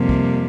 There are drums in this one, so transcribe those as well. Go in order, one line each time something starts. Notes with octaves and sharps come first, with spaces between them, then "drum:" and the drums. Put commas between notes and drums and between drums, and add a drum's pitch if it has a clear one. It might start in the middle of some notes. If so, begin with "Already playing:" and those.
Already playing: F2 C3 G3 A#3
drum: kick